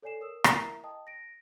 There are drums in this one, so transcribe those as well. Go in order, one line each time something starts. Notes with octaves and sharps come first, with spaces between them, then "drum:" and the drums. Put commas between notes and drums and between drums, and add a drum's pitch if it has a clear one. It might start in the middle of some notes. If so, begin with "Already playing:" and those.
A4 C#5 D5 G#5 C7 E7
A#4 D#6 E6
E4 A#4 E5 A#5, drum: rim click
D#5 G5 A5 D#6
A#6 D7